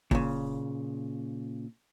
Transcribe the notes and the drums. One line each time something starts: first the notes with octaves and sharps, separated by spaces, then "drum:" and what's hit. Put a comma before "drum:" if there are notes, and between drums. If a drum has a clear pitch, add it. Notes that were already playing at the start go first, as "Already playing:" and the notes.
A#2 C#3, drum: kick F#1